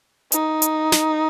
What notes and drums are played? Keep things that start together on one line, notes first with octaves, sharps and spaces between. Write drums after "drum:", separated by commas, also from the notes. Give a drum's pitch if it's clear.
D#4, drum: hi-hat
drum: hi-hat
drum: snare